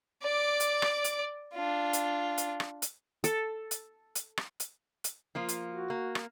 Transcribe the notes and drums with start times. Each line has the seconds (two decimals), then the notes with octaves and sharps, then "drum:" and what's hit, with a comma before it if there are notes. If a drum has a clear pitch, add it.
0.22 D5 D6
0.60 drum: hi-hat
0.82 drum: rim click
1.04 drum: hi-hat
1.53 D4 F4
1.93 drum: hi-hat
2.38 drum: hi-hat
2.60 drum: rim click
2.82 drum: hi-hat
3.24 A4, drum: hi-hat
3.71 drum: hi-hat
4.15 drum: hi-hat
4.37 drum: rim click
4.60 drum: hi-hat
5.04 drum: hi-hat
5.35 F3 A#3 F4
5.49 drum: hi-hat
5.71 F#4
5.90 A#3
6.15 drum: rim click